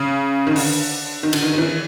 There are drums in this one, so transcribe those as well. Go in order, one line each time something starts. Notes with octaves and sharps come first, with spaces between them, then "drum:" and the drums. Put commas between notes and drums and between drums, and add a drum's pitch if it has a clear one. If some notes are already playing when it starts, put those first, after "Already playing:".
Already playing: C#3
D#3
D3, drum: open hi-hat
D#3
D3, drum: cymbal
D#3
D#3
E3